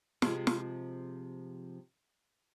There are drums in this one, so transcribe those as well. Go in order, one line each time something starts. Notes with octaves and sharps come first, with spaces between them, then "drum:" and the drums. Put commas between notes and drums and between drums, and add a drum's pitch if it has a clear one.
C3 F3 G#3, drum: snare
drum: snare